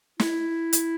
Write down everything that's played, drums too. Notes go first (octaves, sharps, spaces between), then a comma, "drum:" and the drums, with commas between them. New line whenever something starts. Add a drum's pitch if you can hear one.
E4, drum: snare
drum: hi-hat